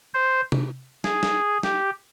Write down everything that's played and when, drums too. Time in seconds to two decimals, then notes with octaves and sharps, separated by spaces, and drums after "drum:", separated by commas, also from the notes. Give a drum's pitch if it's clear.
0.14 C5
0.52 drum: tom C3
1.04 G#4, drum: snare
1.23 drum: snare
1.63 G4, drum: snare